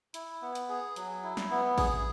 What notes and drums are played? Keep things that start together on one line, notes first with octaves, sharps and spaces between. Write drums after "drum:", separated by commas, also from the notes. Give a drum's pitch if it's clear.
E4, drum: hi-hat
B3
drum: hi-hat
G#4
F#3, drum: hi-hat
E4
drum: snare
B3
G#4, drum: kick A1, open hi-hat